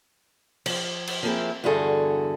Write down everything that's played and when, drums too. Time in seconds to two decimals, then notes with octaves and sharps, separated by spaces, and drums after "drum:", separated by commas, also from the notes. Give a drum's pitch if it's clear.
0.66 F3, drum: cymbal
1.07 drum: cymbal
1.23 F3 A#3 C4 E4 G#4
1.64 E2 G2 D3 F#4 G#4 A4